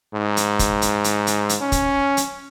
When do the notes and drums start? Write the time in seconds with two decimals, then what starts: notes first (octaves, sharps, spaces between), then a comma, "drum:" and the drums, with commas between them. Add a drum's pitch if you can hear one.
0.14 G#2
0.37 drum: hi-hat
0.59 drum: kick, hi-hat
0.82 drum: hi-hat
1.04 drum: hi-hat
1.27 drum: hi-hat
1.49 drum: hi-hat
1.61 C#4
1.72 drum: kick, hi-hat
2.17 drum: hi-hat